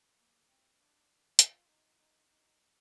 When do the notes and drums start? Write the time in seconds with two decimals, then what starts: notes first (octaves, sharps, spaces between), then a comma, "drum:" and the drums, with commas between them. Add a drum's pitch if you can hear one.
0.18 A#3
0.48 C4
0.79 D4
1.39 F4, drum: hi-hat
1.69 D#4
1.99 D#4
2.29 D#4